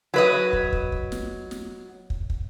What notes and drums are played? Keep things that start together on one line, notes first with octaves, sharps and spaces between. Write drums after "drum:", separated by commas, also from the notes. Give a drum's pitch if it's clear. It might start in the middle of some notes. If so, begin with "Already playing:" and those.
F#3 B4 D#5
drum: kick
drum: kick
drum: kick
drum: snare
drum: snare
drum: kick
drum: kick